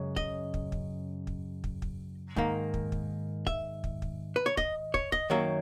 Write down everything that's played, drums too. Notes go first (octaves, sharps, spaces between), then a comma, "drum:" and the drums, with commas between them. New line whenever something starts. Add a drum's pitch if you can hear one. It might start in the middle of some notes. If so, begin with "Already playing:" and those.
Already playing: F#2 C#3 G#3
D#5, drum: kick
drum: kick
drum: kick
drum: kick
drum: kick
drum: kick
G#2 D#3 A#3, drum: kick
drum: kick
drum: kick
E5, drum: kick
drum: kick
drum: kick
B4
C#5
D#5, drum: kick
C#5, drum: kick
D#5, drum: kick
F#2 D#3 F#3 A#3 E5